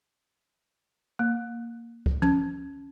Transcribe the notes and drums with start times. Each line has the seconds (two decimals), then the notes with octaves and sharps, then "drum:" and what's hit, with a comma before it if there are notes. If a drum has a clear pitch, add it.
1.19 A#3
2.06 drum: kick C#2
2.22 C#4, drum: tom